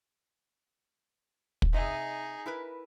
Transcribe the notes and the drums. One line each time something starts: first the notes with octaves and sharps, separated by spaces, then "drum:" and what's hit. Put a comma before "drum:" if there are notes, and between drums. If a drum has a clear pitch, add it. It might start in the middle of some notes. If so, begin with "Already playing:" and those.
drum: kick
C3 D#4 G#4 D#5 E5
E4 A#4 B4